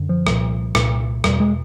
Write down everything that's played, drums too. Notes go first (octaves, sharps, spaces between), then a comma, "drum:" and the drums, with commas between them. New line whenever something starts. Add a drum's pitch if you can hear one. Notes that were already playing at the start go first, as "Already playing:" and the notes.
Already playing: F#2 D3
F3
C2 A#2, drum: rim click
C2 A#2, drum: rim click
E2 B2 G3, drum: rim click
G#3